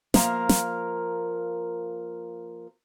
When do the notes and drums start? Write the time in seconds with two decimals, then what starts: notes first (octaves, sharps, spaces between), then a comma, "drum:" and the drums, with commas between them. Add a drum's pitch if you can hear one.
0.14 F3 A#3 A#4 F5, drum: snare
0.49 drum: snare